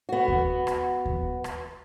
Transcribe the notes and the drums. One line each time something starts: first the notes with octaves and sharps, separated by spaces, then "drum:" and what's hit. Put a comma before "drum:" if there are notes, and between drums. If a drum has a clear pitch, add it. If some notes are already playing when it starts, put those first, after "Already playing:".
B3 F#4
drum: kick D#2
drum: rim click
drum: kick D#2
drum: rim click